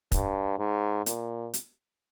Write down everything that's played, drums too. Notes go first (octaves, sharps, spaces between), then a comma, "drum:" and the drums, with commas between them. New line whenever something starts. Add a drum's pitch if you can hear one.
G2, drum: kick, hi-hat
G#2
A#2, drum: hi-hat
drum: hi-hat